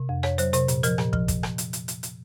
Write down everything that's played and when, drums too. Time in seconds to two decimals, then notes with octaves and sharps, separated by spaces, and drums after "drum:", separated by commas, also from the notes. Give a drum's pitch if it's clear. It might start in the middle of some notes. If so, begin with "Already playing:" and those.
Already playing: C3
0.09 F2
0.23 F2 C#5, drum: rim click
0.38 F#3 C5, drum: hi-hat
0.53 C3 C5, drum: hi-hat
0.68 A#2, drum: hi-hat
0.83 F3 A#4, drum: hi-hat
0.98 A#2, drum: rim click
1.13 F3, drum: kick
1.28 drum: kick, hi-hat
1.43 drum: rim click
1.58 drum: hi-hat
1.73 drum: hi-hat
1.88 drum: hi-hat
2.03 drum: hi-hat